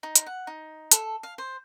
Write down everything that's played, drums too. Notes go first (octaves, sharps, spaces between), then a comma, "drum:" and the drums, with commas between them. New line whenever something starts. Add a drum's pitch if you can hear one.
D#4
drum: hi-hat
F#5
D#4
A4, drum: hi-hat
F5
C5